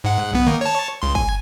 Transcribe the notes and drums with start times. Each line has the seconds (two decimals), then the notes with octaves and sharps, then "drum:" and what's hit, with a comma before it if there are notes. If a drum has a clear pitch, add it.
0.04 G#2 F#5
0.33 B1 B3
0.46 D#3 A#3
0.61 C#5 A5
1.02 C#2 C6
1.15 G#5, drum: kick